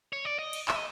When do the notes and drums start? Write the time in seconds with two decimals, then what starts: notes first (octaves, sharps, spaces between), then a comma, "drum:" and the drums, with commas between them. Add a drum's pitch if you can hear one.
0.13 C#5
0.25 D5
0.39 D#5
0.53 drum: cymbal
0.68 E5, drum: clap
0.76 D#5